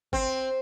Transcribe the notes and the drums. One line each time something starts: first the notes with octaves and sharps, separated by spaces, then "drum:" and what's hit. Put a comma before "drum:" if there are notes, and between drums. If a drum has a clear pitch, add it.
C4, drum: kick G1